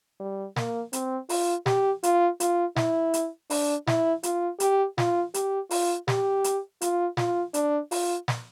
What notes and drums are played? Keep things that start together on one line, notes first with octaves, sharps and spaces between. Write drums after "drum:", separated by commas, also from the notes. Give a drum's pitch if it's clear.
G3
A#3, drum: snare
C4, drum: hi-hat
F4, drum: open hi-hat
G4, drum: snare
F4, drum: hi-hat
F4, drum: hi-hat
E4, drum: snare
drum: hi-hat
D4, drum: open hi-hat
E4, drum: snare
F4, drum: hi-hat
G4, drum: hi-hat
F4, drum: snare
G4, drum: hi-hat
F4, drum: open hi-hat
G4, drum: snare
drum: hi-hat
F4, drum: hi-hat
F4, drum: snare
D4, drum: hi-hat
F4, drum: open hi-hat
drum: snare